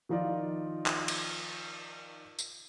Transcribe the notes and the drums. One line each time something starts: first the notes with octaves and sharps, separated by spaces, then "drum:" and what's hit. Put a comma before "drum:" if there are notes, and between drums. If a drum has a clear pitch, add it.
D#3 F3 D#4 F4 D5
drum: clap
drum: cymbal
drum: tambourine